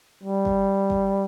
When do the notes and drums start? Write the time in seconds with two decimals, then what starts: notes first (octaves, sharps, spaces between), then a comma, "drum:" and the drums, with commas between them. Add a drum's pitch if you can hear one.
0.23 G3
0.45 drum: kick
0.90 drum: kick